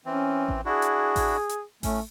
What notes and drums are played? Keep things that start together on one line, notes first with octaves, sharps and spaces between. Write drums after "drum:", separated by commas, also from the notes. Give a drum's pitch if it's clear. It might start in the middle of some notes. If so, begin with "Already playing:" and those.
E3 C4 C#4
drum: kick A1
D4 E4 F#4 G#4
drum: hi-hat
drum: kick A1, open hi-hat
drum: hi-hat
A2 A3 C#4, drum: kick A1, open hi-hat